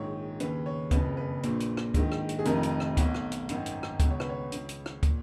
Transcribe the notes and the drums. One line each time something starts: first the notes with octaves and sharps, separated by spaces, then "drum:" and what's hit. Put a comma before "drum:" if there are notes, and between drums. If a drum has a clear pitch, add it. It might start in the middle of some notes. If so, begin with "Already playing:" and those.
Already playing: A#1 G#2 D#3 C#5
D#2 C#3 B4, drum: hi-hat
C#5
F#1 F2 C#3 B4, drum: kick, hi-hat
B4
A#1 A#2, drum: hi-hat
drum: hi-hat
drum: rim click
A#1 G#2 D#3, drum: kick, hi-hat
drum: rim click
drum: hi-hat
G#4
F1 F2 D#3 A#4, drum: hi-hat
drum: hi-hat
drum: rim click
B1 B2, drum: kick, hi-hat
drum: rim click
drum: hi-hat
G#1 F#2 D#3, drum: hi-hat
drum: hi-hat
drum: rim click
C#2 B2, drum: kick, hi-hat
C#5
B4, drum: rim click
C#5
C#2 C#3, drum: hi-hat
drum: hi-hat
drum: rim click
A#2, drum: kick, hi-hat